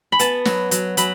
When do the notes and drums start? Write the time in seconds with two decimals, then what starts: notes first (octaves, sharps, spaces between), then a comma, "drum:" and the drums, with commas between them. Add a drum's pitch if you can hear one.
0.12 B5
0.19 B3 A5, drum: hi-hat
0.45 F#3, drum: snare
0.71 F#3, drum: hi-hat
0.97 F#3 B5, drum: hi-hat